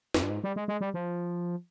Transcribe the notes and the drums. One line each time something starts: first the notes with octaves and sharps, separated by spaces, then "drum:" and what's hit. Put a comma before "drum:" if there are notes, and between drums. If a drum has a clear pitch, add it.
F2, drum: snare
G2
G#2
G3
G#3
G#3
G3
F3